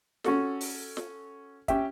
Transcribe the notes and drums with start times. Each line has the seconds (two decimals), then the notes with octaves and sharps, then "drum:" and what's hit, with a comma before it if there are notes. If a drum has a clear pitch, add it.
0.24 C#4 F#4 A4, drum: snare
0.61 drum: open hi-hat
0.97 drum: snare
1.68 C#4 G4 E5, drum: kick, hi-hat